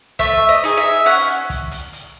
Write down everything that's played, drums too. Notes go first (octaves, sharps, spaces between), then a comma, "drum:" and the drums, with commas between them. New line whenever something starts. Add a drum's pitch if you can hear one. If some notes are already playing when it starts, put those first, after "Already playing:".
A3 E5, drum: kick, hi-hat
D#5
D#4 G#4, drum: hi-hat
E5
C#4 F#5, drum: hi-hat
drum: hi-hat
drum: kick, hi-hat
drum: hi-hat
drum: hi-hat